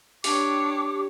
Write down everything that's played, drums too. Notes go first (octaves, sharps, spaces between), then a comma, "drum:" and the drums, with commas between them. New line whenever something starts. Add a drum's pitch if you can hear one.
D4 G4 C#5 D6, drum: open hi-hat